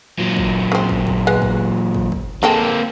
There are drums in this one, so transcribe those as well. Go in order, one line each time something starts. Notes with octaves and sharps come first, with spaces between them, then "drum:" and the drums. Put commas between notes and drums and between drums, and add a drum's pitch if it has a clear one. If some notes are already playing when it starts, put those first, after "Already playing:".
A#2 F#3
drum: kick
C#3 C4
drum: kick
drum: kick
G#3 B3
drum: kick
drum: kick
drum: kick
G#3 A#3 C4 A4 G5